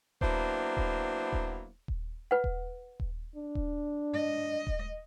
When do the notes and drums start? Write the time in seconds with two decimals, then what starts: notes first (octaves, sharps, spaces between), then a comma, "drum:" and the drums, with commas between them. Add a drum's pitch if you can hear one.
0.21 F#3 A#3 B3 D4 E4 C5, drum: kick D#1
0.77 drum: kick D#1
1.33 drum: kick D#1
1.88 drum: kick D#1
2.31 B4 F#5
2.44 drum: kick D#1
3.00 drum: kick D#1
3.36 D4
3.55 drum: kick D#1
4.14 D#5
4.67 drum: kick D#1